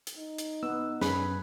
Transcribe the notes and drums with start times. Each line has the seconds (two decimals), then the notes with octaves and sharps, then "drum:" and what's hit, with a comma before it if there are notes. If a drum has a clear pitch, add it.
0.07 drum: hi-hat
0.18 D#4
0.38 drum: hi-hat
0.63 B3 E6
1.01 F#2 G#4 B4 B5, drum: snare